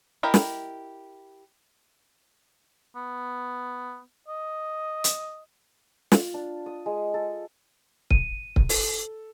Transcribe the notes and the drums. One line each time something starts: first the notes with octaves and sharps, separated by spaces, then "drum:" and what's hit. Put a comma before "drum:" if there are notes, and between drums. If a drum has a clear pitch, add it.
E4 G4 A#4 D#5
drum: snare
B3
D#5
drum: hi-hat
F4, drum: snare
D4
D#6
G#3
A4
D#7, drum: kick C#1
drum: kick C#1
A4, drum: open hi-hat